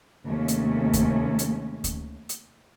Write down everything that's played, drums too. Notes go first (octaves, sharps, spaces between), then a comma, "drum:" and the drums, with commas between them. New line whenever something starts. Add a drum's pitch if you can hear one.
D#2 C3 G#3 A3 C#4
drum: hi-hat
drum: kick D2, hi-hat
drum: hi-hat
drum: kick D2, hi-hat
drum: hi-hat